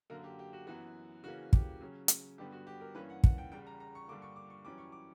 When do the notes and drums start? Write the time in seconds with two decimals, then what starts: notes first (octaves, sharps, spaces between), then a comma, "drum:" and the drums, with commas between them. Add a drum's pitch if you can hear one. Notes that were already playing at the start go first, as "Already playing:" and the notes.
0.10 F#2 D3 A#3 A#4
0.24 G4
0.39 G4
0.53 F#4
0.67 F#2 E3 B3 F#4
1.24 C#3 E3 A#3 C#4 F#4
1.53 G4, drum: kick
1.81 C#3 F#3 C#4
2.08 drum: hi-hat
2.38 G2 D3 G3 B3 G4
2.52 F#4
2.67 G4
2.81 A#4
2.95 G2 E3 A#3 C#4 B4
3.10 F#5
3.24 F#5, drum: kick
3.38 G5
3.52 E2 C#3 G3 G5
3.67 A#5
3.80 A#5
3.95 C#6
4.08 G2 D3 G3 A#3 D6
4.22 C#6
4.36 D6
4.50 C#6
4.65 F#2 E3 G3 C#4 D6
4.78 C#6
4.92 D6